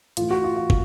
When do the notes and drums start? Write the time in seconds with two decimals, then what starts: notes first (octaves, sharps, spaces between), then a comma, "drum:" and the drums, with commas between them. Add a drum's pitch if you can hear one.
0.17 A2 E3 F4, drum: hi-hat
0.31 F#4
0.44 F4
0.56 F4
0.70 drum: kick